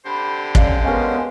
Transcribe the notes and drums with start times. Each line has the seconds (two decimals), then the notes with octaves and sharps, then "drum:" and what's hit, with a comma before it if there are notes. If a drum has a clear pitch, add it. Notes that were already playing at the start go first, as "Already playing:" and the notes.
0.06 D3 G4 C5 B5
0.55 C#4 D5 F5, drum: kick
0.85 G#3 B3 C#4 A#4 F5